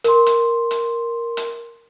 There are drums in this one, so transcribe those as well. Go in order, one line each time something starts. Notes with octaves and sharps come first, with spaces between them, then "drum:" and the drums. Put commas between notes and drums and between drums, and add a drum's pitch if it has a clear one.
A#4 C6, drum: hi-hat
drum: hi-hat
drum: hi-hat
drum: hi-hat